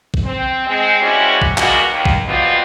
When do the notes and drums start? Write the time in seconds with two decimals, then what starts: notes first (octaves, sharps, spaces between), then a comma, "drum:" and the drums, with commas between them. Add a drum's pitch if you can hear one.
0.14 drum: kick
0.24 C4
0.67 G#3 C4
1.00 G3 G#3 C4 C#4 E4 F#4
1.42 drum: kick
1.58 G3 G#3 A#3 B3 F#4, drum: clap
1.91 D#2
2.05 drum: kick
2.26 G#2 B2 G3 B3 C4 F4